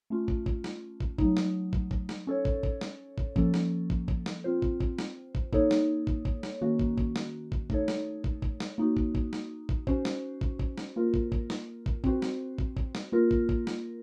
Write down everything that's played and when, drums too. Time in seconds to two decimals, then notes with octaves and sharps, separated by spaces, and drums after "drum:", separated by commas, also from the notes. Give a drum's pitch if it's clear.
0.10 A3 C#4 F4
0.28 drum: kick
0.46 drum: kick
0.64 drum: snare
1.00 drum: kick
1.18 F#3 A3 D#4, drum: kick
1.37 drum: snare
1.73 drum: kick
1.91 drum: kick
2.09 drum: snare
2.27 C#4 A4 C#5
2.45 drum: kick
2.63 drum: kick
2.81 drum: snare
3.18 drum: kick
3.36 F3 A#3 C#4 A4, drum: kick
3.54 drum: snare
3.90 drum: kick
4.08 drum: kick
4.26 drum: snare
4.44 C4 F4 C5
4.62 drum: kick
4.80 drum: kick
4.99 drum: snare
5.35 drum: kick
5.53 A#3 D#4 A4 C#5, drum: kick
5.71 drum: snare
6.07 drum: kick
6.25 drum: kick
6.43 drum: snare
6.62 D#3 A#3 C#4 F#4
6.79 drum: kick
6.98 drum: kick
7.16 drum: snare
7.52 drum: kick
7.70 A3 D#4 A4 C#5, drum: kick
7.88 drum: snare
8.24 drum: kick
8.42 drum: kick
8.60 drum: snare
8.78 A#3 D#4 F#4
8.97 drum: kick
9.15 drum: kick
9.33 drum: snare
9.69 drum: kick
9.87 C#4 F#4 C5, drum: kick
10.05 drum: snare
10.41 drum: kick
10.59 drum: kick
10.78 drum: snare
10.96 A#3 F4 A#4
11.14 drum: kick
11.32 drum: kick
11.50 drum: snare
11.86 drum: kick
12.04 C4 F#4 C5, drum: kick
12.22 drum: snare
12.58 drum: kick
12.77 drum: kick
12.95 drum: snare
13.12 A#3 F4 A#4
13.31 drum: kick
13.49 drum: kick
13.67 drum: snare